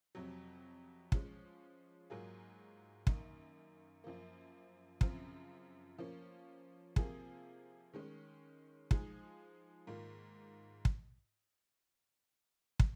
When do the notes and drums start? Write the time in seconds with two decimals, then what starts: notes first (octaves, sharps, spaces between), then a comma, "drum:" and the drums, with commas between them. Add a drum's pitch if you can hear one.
0.15 F2 C3 F#3
1.12 F3 G#3 C#4, drum: kick
2.10 G#2 F#3 A#3 F4 G#4
3.07 F#2 D#3 A#3 D#4, drum: kick
4.04 F#2 F3 A#3
5.01 F#2 C#3 F3 C4, drum: kick
5.98 F3 A#3 C#4
6.96 C3 F3 A#3 F4 G#4, drum: kick
7.93 D#3 G#3 C#4
8.91 F3 G#3 D#4 G#4, drum: kick
9.87 G#2 D#3 A#3 F4
10.85 drum: kick
12.80 drum: kick